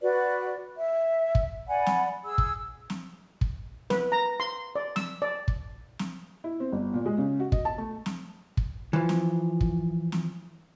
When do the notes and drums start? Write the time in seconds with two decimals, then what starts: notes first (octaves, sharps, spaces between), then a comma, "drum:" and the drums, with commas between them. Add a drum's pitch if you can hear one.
0.01 F#4 B4 D5
0.78 E5
1.35 drum: kick
1.68 D5 F#5 G#5 B5
1.86 drum: snare
2.24 G#4 E6
2.38 drum: kick
2.90 drum: snare
3.41 drum: kick
3.90 B4, drum: snare
4.12 A#5
4.40 C6
4.76 D5
4.96 E6, drum: snare
5.22 D5
5.48 drum: kick
5.99 drum: snare
6.44 E4
6.60 C4
6.72 G1
6.94 A#2
7.06 G#3
7.18 C#3
7.40 F#4
7.52 D#5, drum: kick
7.65 A5
7.78 A3
8.06 drum: snare
8.57 drum: kick
8.93 E3 F3
9.09 drum: snare
9.61 drum: kick
10.12 drum: snare